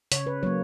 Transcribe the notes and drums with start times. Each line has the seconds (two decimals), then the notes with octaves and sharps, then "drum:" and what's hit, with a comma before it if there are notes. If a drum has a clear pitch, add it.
0.12 C#3 C#5, drum: hi-hat
0.27 B4
0.43 F#3 A#3 C#5